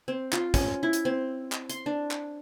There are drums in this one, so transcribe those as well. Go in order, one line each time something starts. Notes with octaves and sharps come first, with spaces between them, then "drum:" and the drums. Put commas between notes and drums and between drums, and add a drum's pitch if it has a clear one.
C4
F4, drum: clap
C#4, drum: kick, hi-hat
E4
drum: hi-hat
C4
drum: clap
C6, drum: hi-hat
D4
drum: clap